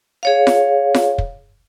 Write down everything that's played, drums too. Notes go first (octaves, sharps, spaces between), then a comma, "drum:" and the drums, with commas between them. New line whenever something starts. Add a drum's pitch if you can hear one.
G#4 C#5 F5
drum: snare F4
drum: snare F4
drum: kick